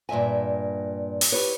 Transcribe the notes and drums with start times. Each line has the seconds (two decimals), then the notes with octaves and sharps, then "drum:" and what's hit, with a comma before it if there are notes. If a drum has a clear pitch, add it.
0.09 G2 A#2 G#3 E5 G#5
1.21 drum: open hi-hat
1.32 E4 G4 B4 C#5